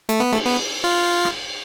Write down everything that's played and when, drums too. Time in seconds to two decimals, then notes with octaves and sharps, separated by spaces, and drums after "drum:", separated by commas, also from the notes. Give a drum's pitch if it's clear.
0.09 A3, drum: hi-hat
0.20 B3
0.32 A3, drum: cymbal
0.46 B3
0.84 F4
1.25 drum: rim click